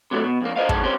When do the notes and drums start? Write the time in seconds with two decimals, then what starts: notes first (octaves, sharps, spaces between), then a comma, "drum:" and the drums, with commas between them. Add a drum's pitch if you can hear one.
0.11 C3 F#3 A3
0.24 B2
0.41 F2 A#3
0.56 A#4 C5 D5 D#5 F5
0.69 D#2 A2 C#3 F#3 G#4 A5, drum: kick
0.83 G3 C4 C#4 G4 C5